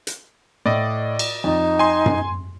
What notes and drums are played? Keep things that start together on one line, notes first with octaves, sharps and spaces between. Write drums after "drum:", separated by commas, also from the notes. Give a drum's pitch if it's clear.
drum: hi-hat
A2 D5 D#5
drum: cymbal
F2 D#4
G#5 C6
drum: tom F#2